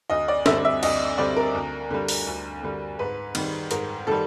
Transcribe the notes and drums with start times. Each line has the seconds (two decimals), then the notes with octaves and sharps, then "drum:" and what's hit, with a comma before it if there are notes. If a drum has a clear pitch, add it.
0.10 D2 D#5
0.28 D5
0.46 D3 G3 C4 E5, drum: snare
0.65 E5
0.83 D2 D#5, drum: cymbal
1.18 D3 G3 C4 D5
1.36 A#4
1.55 D2
1.91 D3 G3
2.08 drum: open hi-hat
2.27 D2
2.63 D3 G3
2.99 G#2 B4
3.35 D#3 G3, drum: cymbal
3.71 G#2 A#4, drum: hi-hat
4.07 D#3 G3 A4